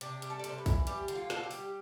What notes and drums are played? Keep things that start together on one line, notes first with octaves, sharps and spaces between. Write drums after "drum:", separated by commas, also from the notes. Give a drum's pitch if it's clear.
C3 D4, drum: hi-hat
G3, drum: hi-hat
A4
D5
C3, drum: hi-hat
C5
B4
E3, drum: kick A#1, open hi-hat
G3 G4, drum: hi-hat
D3, drum: hi-hat
F4
D3, drum: snare
A4
G4
G3, drum: open hi-hat